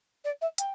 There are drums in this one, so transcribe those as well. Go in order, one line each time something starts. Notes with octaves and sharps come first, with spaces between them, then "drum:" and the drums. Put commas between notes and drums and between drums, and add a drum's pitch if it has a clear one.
D5
E5
G5, drum: hi-hat